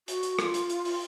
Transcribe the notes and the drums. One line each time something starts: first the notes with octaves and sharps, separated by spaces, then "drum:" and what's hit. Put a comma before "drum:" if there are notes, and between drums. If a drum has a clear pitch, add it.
F#4, drum: hi-hat
drum: hi-hat
F4, drum: rim click
drum: hi-hat
drum: hi-hat
drum: open hi-hat